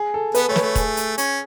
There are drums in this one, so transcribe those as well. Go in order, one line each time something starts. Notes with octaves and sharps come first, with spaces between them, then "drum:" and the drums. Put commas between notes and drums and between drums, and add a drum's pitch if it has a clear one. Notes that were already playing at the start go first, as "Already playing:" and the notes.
Already playing: G#4
A4
B3 B4, drum: hi-hat
A3 C#5
B4, drum: snare
A3
G#4, drum: kick E1, hi-hat
drum: hi-hat
C#4, drum: hi-hat